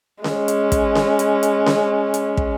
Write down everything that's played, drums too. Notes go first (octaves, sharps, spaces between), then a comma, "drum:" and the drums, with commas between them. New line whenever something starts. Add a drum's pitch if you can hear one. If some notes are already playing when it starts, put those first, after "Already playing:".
G#3 C#4, drum: snare C#4
drum: hi-hat
drum: kick, hi-hat
drum: snare C#4
drum: hi-hat
drum: hi-hat
drum: snare C#4
drum: hi-hat
drum: kick